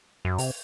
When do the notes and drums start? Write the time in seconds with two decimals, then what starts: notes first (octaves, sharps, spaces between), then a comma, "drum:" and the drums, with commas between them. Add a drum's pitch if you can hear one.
0.25 F#2
0.38 C3, drum: open hi-hat